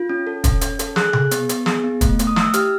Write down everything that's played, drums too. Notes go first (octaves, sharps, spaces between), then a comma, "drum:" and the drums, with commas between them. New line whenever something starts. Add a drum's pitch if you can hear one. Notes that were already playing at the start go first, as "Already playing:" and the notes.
Already playing: F4
C#4
A4
C#4, drum: kick, hi-hat
C#4, drum: hi-hat
A4, drum: hi-hat
G#4 F#6, drum: snare
G#4, drum: tom C3
B3, drum: hi-hat
B3, drum: hi-hat
G#4, drum: snare
B3
A3, drum: kick, hi-hat
A3, drum: hi-hat
D#6
E4 E6, drum: snare
G4 F6, drum: hi-hat